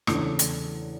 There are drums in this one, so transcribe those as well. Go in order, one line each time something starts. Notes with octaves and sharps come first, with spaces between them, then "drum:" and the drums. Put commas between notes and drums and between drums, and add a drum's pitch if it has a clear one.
E2 C#3 E3 A3 D4, drum: rim click
drum: hi-hat